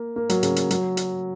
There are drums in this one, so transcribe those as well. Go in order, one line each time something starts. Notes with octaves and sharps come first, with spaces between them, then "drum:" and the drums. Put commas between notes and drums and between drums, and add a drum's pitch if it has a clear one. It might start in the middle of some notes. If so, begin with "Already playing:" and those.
Already playing: A#3
A#3
F#3, drum: hi-hat
C#3, drum: hi-hat
drum: hi-hat
F#3, drum: hi-hat
drum: hi-hat